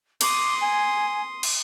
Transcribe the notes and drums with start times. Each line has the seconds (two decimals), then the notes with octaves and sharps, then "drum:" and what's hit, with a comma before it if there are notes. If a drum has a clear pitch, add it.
0.21 C6 D6 D#6, drum: cymbal
0.61 G#5
1.43 drum: cymbal